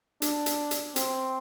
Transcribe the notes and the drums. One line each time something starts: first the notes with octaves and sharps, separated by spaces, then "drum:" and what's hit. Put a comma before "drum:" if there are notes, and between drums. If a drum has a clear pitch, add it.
D4, drum: hi-hat
drum: hi-hat
drum: hi-hat
C4, drum: hi-hat